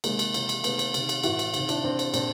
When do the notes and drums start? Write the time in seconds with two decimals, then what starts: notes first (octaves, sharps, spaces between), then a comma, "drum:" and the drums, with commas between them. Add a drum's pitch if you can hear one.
0.04 C3 D#3 G#3 A#3, drum: cymbal
0.19 drum: cymbal
0.34 C3 E3, drum: cymbal
0.49 drum: cymbal
0.64 C3 D#3 A3 B3, drum: cymbal
0.79 drum: cymbal
0.94 C3 D#3, drum: cymbal
1.09 drum: cymbal
1.23 A2 E3 E4 F#4, drum: cymbal
1.39 drum: cymbal
1.54 C3 D#3, drum: cymbal
1.69 D4 E4, drum: cymbal
1.84 C3 E3 C4 D4
1.99 drum: cymbal
2.14 A#2 C4 D4, drum: cymbal